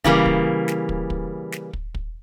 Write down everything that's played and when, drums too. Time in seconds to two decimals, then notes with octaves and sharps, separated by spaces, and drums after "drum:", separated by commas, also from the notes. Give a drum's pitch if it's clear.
0.04 C#3 E3 G3 A#3, drum: kick
0.25 drum: kick
0.68 drum: snare
0.89 drum: kick
1.10 drum: kick
1.52 drum: snare
1.73 drum: kick
1.95 drum: kick